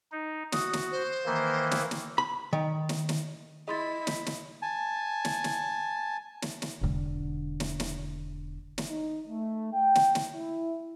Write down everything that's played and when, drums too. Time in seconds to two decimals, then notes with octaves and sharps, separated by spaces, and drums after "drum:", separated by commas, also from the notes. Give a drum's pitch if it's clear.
0.12 D#4
0.52 F#4 D#6, drum: snare
0.73 drum: snare
0.91 C5
1.26 D#3 E3 A#3
1.71 drum: snare
1.91 drum: snare
2.18 B5
2.53 D#3
2.89 drum: snare
3.09 drum: snare
3.68 E4 G#4 D#5 B5 C6 A6
4.07 drum: snare
4.26 drum: snare
4.62 G#5 A5
5.25 drum: snare
5.44 drum: snare
6.42 drum: snare
6.62 drum: snare
6.81 E1 D3
7.60 drum: snare
7.80 drum: snare
8.78 drum: snare
8.89 D#4
9.28 A3
9.73 G5
9.95 drum: snare
10.15 drum: snare
10.34 E4